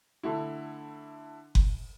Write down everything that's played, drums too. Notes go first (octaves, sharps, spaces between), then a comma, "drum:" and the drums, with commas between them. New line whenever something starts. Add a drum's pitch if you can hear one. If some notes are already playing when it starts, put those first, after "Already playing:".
D3 A3 E4
drum: kick F#1